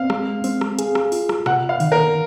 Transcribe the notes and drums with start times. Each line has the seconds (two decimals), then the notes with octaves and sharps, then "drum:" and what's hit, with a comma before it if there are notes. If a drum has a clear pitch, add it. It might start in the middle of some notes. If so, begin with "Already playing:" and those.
Already playing: C4 F5
0.10 G#3, drum: rim click
0.44 C4, drum: open hi-hat
0.61 drum: rim click
0.79 G#4, drum: hi-hat
0.95 drum: rim click
1.12 F4, drum: open hi-hat
1.29 drum: rim click
1.46 C3 F#5, drum: rim click
1.69 F5
1.80 D#3, drum: open hi-hat
1.92 A#4